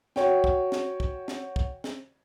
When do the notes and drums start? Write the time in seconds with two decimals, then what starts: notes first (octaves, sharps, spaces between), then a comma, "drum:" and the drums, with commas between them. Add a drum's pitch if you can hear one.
0.16 F#4 C#5 G5, drum: snare
0.44 drum: kick
0.72 drum: snare
1.00 drum: kick
1.28 drum: snare
1.56 drum: kick
1.84 drum: snare